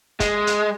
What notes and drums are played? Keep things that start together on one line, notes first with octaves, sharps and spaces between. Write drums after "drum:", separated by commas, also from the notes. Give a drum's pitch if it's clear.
G#3, drum: kick, hi-hat
drum: hi-hat